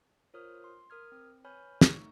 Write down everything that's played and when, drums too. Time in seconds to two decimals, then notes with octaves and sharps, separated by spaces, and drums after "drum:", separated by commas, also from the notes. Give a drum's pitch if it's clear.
0.34 F4 A#4 C5 C#5 D#6 F6
0.64 C6
0.90 A#4 D#6 F6 G#6
1.12 C4
1.44 B4 C#5 G#5 B5 F6 G6
1.81 A3 D#4 C#6, drum: snare